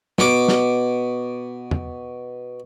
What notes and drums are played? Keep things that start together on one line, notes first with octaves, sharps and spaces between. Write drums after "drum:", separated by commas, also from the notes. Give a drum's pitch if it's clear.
B2 D6, drum: snare
drum: snare
drum: tom E2